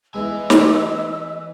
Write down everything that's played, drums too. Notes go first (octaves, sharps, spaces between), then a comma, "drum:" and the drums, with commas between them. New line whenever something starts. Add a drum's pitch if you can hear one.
E3 G#3 B3 E4 D#5 G#5 E6
drum: snare